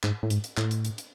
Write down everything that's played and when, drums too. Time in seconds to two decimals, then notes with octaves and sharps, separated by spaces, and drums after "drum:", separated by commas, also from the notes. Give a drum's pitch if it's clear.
0.04 G#2, drum: clap
0.23 A2
0.30 G#2, drum: hi-hat
0.44 drum: hi-hat
0.57 A2, drum: clap
0.71 drum: hi-hat
0.85 drum: hi-hat
0.98 drum: hi-hat